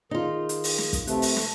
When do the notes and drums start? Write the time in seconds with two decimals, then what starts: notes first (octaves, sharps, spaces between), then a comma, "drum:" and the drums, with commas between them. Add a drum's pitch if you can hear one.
0.11 D#3 D#4 F4 G#4
0.49 drum: hi-hat
0.64 drum: open hi-hat
0.78 drum: snare
0.93 drum: kick, hi-hat
1.07 C3 A3 B4, drum: hi-hat
1.22 drum: open hi-hat
1.37 drum: snare